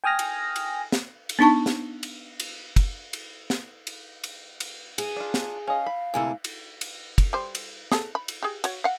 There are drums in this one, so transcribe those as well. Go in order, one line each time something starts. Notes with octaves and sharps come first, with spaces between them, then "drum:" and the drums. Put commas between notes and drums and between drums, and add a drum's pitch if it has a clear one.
G5 G#5 D#6 F6 A#6
drum: cymbal
drum: cymbal
drum: snare
drum: cymbal
B3 D4 D#4 A5 C#6
drum: snare
drum: cymbal
drum: cymbal
drum: kick, cymbal
drum: cymbal
drum: snare
drum: cymbal
drum: cymbal
drum: cymbal
G#4, drum: cymbal
D4 F4
drum: snare
C#4 D#5 F5
B5
D2 C3 G#3 A#3 E4 A4
drum: cymbal
drum: cymbal
drum: kick, cymbal
G3 C5
drum: cymbal
G#4 A4, drum: snare
B5
drum: cymbal
G4 G#4
F#4 C#5, drum: cymbal
F5 F#5